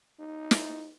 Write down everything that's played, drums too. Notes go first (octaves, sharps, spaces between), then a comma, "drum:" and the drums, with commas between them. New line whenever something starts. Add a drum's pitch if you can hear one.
D#4
drum: snare